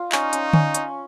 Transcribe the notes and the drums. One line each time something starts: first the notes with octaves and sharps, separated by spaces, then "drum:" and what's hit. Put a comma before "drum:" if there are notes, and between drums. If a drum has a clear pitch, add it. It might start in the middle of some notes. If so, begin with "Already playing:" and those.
Already playing: F4
C#4 D#4, drum: clap
C#4, drum: hi-hat
C#4, drum: tom D3
C#4, drum: hi-hat